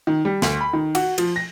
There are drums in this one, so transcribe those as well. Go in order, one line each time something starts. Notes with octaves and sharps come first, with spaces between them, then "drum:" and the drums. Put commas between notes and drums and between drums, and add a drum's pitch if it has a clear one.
D#3
G3
D2, drum: snare
B5
D#3
F#4, drum: cymbal
F3, drum: cymbal
A#6